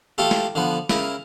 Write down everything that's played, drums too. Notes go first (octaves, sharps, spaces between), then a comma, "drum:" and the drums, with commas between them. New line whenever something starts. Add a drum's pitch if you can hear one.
A3 F4 G4 A4
drum: snare
D3 F3 B3
C#3 E4 A#4, drum: snare